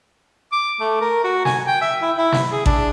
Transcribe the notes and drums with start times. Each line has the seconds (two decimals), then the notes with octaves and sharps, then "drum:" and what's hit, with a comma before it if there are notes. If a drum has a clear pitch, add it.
0.52 D6
0.80 A3
1.01 A#4
1.24 F#4
1.45 G#5, drum: snare
1.67 G5
1.81 E5
2.02 E4
2.17 E4
2.32 drum: snare
2.52 G#4
2.66 D4, drum: kick A1